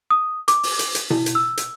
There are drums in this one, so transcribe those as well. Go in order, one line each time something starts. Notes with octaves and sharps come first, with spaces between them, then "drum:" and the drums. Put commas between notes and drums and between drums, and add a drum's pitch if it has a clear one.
D#6
D6, drum: hi-hat
drum: open hi-hat
drum: hi-hat
drum: hi-hat
E4, drum: tom B2
drum: hi-hat
E6
drum: hi-hat